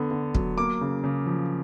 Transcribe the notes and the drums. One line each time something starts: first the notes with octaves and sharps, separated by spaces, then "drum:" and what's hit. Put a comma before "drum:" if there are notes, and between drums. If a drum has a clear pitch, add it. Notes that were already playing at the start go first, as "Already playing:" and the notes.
Already playing: D3 B3
D3
F#3, drum: kick
A#3 D6
C#3
C#3
F3